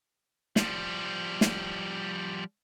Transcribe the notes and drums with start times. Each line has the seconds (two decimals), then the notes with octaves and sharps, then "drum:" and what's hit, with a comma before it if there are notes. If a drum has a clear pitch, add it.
0.56 F3 G3, drum: snare
1.41 drum: snare